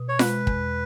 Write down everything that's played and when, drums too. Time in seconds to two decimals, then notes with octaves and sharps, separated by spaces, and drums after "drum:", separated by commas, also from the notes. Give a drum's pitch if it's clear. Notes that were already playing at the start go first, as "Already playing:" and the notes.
Already playing: B2
0.09 C#5
0.19 G#3 B4, drum: snare F4
0.47 E2, drum: kick